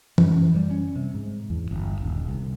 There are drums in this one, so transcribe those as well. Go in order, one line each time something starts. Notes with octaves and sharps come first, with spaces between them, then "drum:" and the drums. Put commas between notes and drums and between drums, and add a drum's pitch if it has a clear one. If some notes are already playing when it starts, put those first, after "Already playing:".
F#2, drum: tom E3
G3
C#4
C3
G#2
E2
G1
D#1
C2